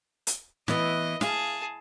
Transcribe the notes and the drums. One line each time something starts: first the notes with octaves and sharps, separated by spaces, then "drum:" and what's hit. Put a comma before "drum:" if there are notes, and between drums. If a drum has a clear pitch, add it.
drum: hi-hat
E3 B3 D#5, drum: snare
G#4 F5 A5, drum: snare